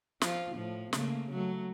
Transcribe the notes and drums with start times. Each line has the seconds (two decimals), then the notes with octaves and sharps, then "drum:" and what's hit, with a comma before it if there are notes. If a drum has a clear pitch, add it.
0.21 F3 F4, drum: snare
0.55 A2 F3
0.93 C#3 A3 A#3, drum: snare
1.32 F#3 A3